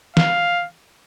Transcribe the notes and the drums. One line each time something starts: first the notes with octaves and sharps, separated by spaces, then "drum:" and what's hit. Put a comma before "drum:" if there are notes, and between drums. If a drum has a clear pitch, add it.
F5, drum: snare